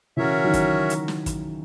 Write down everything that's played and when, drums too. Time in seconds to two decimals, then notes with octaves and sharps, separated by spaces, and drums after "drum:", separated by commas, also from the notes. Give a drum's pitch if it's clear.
0.17 C#3 E3 C#4 F#4 A#4 C#5 E5
0.44 D#3 F#3
0.54 drum: kick, hi-hat
0.90 drum: hi-hat
1.08 drum: snare
1.26 drum: kick, hi-hat